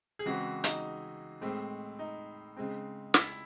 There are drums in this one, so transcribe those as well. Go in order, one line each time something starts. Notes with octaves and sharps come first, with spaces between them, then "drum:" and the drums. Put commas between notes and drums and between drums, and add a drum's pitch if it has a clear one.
G#4
C#3 E3 G#3 C4 F#4
D#4, drum: hi-hat
A2 G#3 C4
D#4
C#3 G#3 C4
E4, drum: snare